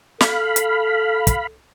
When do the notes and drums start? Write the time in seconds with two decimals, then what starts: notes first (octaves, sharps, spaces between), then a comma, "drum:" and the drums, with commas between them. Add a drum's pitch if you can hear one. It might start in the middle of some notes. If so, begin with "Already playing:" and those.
0.21 A4 F5 B5, drum: snare
0.56 drum: hi-hat
1.27 drum: kick, hi-hat